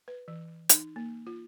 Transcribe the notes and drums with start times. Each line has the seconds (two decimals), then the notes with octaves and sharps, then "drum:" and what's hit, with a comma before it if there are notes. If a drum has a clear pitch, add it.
0.08 B4
0.28 E3
0.69 D#4, drum: hi-hat
0.96 A#3
1.27 F4